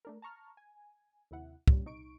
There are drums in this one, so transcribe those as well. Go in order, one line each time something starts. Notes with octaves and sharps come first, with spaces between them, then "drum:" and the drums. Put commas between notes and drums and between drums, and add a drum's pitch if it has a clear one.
A3 D4 A#4
A5 A#5 C#6 F6
G#5
D#2 C3 E4 F#5
G2 A#2 G3 C#4, drum: kick
C2 D#4 C#6 D7